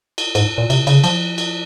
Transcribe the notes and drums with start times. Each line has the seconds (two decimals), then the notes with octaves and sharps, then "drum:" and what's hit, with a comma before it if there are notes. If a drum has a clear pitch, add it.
0.18 drum: cymbal
0.35 G#2, drum: cymbal
0.58 A#2
0.70 C3, drum: cymbal
0.87 C#3, drum: cymbal
1.04 F3, drum: cymbal
1.38 drum: cymbal